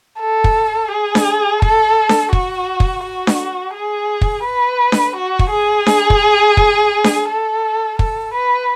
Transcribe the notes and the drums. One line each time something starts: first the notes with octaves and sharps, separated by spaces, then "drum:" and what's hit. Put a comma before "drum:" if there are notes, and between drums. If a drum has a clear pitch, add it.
A4
drum: kick
G#4
drum: snare D4
A4, drum: kick
drum: snare D4
F#4, drum: kick
drum: kick
F#4
drum: snare D4
G#4
drum: kick
B4
drum: snare D4
F#4
drum: kick
G#4
drum: snare D4
drum: kick
drum: kick
drum: snare D4
A4
A4, drum: kick
B4